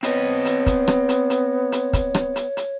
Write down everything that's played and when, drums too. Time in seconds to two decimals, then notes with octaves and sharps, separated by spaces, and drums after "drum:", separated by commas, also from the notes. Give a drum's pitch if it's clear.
0.03 B3 C4 C#5 D#5, drum: hi-hat
0.45 drum: hi-hat
0.66 drum: kick, hi-hat
0.88 drum: rim click
1.09 drum: hi-hat
1.30 drum: hi-hat
1.72 drum: hi-hat
1.93 drum: kick, hi-hat
2.14 drum: rim click
2.36 drum: hi-hat
2.57 drum: hi-hat